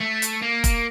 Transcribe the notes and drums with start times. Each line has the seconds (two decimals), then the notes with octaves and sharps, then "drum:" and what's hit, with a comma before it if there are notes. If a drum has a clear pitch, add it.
0.01 A3
0.22 drum: hi-hat
0.42 A#3
0.64 drum: kick F1, hi-hat